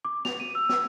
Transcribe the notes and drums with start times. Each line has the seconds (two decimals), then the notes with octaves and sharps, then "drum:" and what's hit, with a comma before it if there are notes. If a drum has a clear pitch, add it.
0.05 D6
0.25 F7, drum: snare
0.40 D#7
0.55 E6
0.69 E6, drum: snare